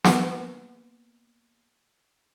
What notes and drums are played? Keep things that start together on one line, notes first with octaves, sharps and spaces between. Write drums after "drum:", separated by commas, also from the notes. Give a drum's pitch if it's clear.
A#3 B3 F#5, drum: snare